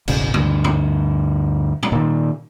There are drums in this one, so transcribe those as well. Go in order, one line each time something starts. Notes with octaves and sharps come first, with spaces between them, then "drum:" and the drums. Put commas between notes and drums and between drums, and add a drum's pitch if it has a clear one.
E1 A1 C#3, drum: cymbal
D2 G2, drum: tom C3
drum: tom
drum: tom
A#2 D#3